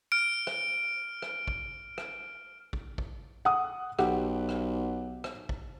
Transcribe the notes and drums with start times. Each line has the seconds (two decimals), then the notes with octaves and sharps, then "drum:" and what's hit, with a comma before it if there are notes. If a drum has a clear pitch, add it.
0.12 F6 D7
0.47 drum: rim click
1.22 drum: rim click
1.48 drum: kick
1.98 drum: rim click
2.73 drum: kick
2.98 drum: kick
3.45 F#5 D#6
3.99 B1 G4 F#5, drum: rim click
4.49 drum: rim click
5.24 drum: rim click
5.49 drum: kick